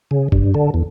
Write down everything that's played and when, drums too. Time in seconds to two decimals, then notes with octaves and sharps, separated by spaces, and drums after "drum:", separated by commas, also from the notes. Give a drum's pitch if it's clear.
0.11 C#3
0.32 G2, drum: kick
0.54 D3
0.74 E2